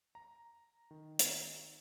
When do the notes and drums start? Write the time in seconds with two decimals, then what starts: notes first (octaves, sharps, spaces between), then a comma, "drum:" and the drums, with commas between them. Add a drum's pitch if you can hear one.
0.15 A#5
0.91 D#3
1.19 drum: hi-hat